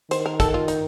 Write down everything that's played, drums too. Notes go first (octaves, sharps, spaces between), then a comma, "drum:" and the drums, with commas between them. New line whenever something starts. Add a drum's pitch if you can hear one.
D#3 C5, drum: hi-hat
A#4
A4, drum: kick, hi-hat
F4
D#4, drum: hi-hat